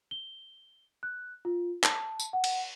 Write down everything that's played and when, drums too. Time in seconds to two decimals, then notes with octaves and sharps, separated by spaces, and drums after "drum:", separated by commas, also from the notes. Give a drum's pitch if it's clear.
0.11 G7
1.03 F#6
1.45 F4
1.84 A5, drum: clap
2.20 drum: tambourine
2.33 F#5
2.44 drum: cymbal